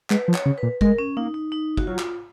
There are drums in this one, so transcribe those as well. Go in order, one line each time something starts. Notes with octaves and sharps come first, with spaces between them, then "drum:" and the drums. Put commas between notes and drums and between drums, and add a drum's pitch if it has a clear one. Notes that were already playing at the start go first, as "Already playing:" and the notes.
G#3 B4, drum: clap
F3
C#5, drum: clap
C#3
B4
A#2
G#3 A#4, drum: kick G1
C#4
A#3 D#4
D#4
D#4
F#4, drum: kick G1
F#3 F4
drum: clap